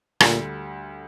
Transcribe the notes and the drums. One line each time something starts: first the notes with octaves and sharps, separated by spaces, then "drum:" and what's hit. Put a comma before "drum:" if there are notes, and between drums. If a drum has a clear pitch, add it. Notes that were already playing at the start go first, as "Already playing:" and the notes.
D2 A#2 D3 G3, drum: rim click